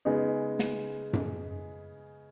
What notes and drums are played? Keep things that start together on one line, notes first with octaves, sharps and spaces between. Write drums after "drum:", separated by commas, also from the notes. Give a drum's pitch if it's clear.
C#3 G#3 B3 D#4
drum: snare
drum: tom F#2